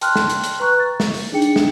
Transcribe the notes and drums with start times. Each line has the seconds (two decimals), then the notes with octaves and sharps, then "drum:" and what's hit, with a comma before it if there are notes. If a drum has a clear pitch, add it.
0.01 G5 A5 C6 F6 F#6, drum: hi-hat
0.15 drum: snare
0.30 drum: hi-hat
0.44 drum: hi-hat
0.60 B4 A#5 C#6 F#6
0.79 A6
1.00 drum: snare
1.14 drum: open hi-hat
1.32 D4 D#4 G#4 G5 C#7
1.42 drum: hi-hat
1.56 drum: snare